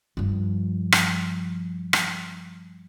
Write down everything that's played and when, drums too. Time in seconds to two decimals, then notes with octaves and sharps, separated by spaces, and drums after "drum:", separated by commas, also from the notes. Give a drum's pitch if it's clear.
0.17 G2 F3
0.92 drum: rim click
1.93 drum: rim click